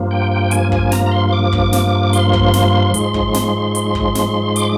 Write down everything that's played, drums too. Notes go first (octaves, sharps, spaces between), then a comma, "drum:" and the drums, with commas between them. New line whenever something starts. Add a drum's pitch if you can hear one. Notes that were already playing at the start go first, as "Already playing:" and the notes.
Already playing: G2 F3 A#3
G5
G5
G#5, drum: hi-hat
G#5, drum: kick
A#5, drum: snare
A#5
C6
C6
D6
drum: kick
drum: snare
C6, drum: hi-hat
drum: kick
drum: snare
G#2 F3 G#3, drum: hi-hat
drum: kick
drum: snare
drum: hi-hat
drum: kick
drum: snare
D6, drum: hi-hat